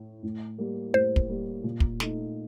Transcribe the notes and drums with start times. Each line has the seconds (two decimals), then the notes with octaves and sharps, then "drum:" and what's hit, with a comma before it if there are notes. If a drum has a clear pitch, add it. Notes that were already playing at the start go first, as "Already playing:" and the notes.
Already playing: A2
0.23 A2
0.58 G3 A#3
0.93 A2 C5
1.16 drum: kick
1.29 G3 A#3
1.64 A#2
1.80 drum: kick
2.00 A3 D#4, drum: snare